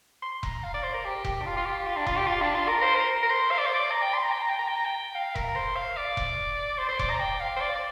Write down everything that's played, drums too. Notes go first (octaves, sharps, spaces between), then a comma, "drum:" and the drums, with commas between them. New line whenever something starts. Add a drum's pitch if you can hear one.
C6
A#5, drum: kick E1
F5
D5
C5
A#4
G4
G4, drum: kick E1
D4
F4
F4
G4
F4
D4
F4, drum: kick E1
G4
F4
D4
F4
A#4
C5
A#4
A#4
C5
F5
D5
C5
D5
A#5
G5
C6
A#5
G5
A#5
G5
A#5
G5
A#5
G5
F5
A#4, drum: kick E1
C5
F5
D5
drum: kick E1
C5
C5
D5, drum: kick E1
A#5
G5
F5
C5
D5
D5